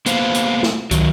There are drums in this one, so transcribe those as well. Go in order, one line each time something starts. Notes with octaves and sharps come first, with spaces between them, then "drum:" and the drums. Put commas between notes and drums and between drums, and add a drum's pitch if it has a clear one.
A#3 B3 C5 F5, drum: hi-hat
drum: hi-hat
drum: snare
D#3 F#3, drum: kick, hi-hat